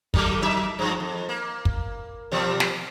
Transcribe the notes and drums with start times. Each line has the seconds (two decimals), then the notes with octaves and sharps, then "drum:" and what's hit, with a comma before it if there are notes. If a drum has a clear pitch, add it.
0.14 D#3 F#3 A3, drum: kick
0.42 F#3 D#4 E5
0.79 G2 F3
1.00 F2
1.29 A#3
1.65 drum: kick
2.32 B2 F3 G3
2.60 drum: snare